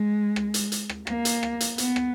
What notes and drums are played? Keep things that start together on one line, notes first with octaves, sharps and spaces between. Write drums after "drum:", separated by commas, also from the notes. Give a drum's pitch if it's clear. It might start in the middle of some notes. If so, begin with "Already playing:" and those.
Already playing: G#3
drum: rim click
drum: hi-hat
drum: hi-hat
drum: rim click
A#3, drum: rim click
drum: hi-hat
drum: rim click
drum: hi-hat
B3, drum: hi-hat
drum: rim click